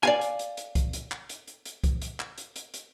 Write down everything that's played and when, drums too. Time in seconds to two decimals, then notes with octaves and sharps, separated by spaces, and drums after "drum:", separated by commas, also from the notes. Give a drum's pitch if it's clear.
0.03 D5 F5 G#5, drum: clap
0.21 drum: hi-hat
0.39 drum: hi-hat
0.57 drum: hi-hat
0.75 drum: kick C2, hi-hat
0.93 drum: hi-hat
1.11 drum: clap
1.29 drum: hi-hat
1.47 drum: hi-hat
1.66 drum: hi-hat
1.84 drum: kick C2, hi-hat
2.02 drum: hi-hat
2.20 drum: clap
2.38 drum: hi-hat
2.56 drum: hi-hat
2.74 drum: hi-hat